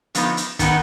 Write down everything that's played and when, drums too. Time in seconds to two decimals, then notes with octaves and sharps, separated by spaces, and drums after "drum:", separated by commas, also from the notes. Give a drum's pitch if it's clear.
0.15 D3 F3 B3 D#4, drum: hi-hat
0.37 drum: hi-hat
0.59 D#3 B3 D#4, drum: kick, hi-hat